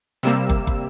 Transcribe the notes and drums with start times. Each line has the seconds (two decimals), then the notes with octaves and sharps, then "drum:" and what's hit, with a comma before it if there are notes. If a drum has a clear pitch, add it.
0.23 C3 G3 A#3 E6
0.49 drum: kick
0.67 drum: kick